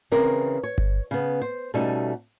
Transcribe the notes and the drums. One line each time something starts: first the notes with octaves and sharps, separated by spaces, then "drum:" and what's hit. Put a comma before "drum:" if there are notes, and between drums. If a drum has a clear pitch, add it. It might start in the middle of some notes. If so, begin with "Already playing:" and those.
C#3 E3 C4 A#4
C#5
drum: kick G1
C#3 B3
C5
B2 G3 A3 C#4 D#4 A4